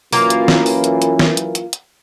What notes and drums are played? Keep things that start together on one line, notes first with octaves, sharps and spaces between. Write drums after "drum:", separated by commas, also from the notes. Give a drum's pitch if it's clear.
F#2 E3 A#3 F4 A#4, drum: open hi-hat
drum: hi-hat
drum: snare
drum: open hi-hat
drum: hi-hat
drum: hi-hat
drum: snare
drum: hi-hat
drum: hi-hat
drum: hi-hat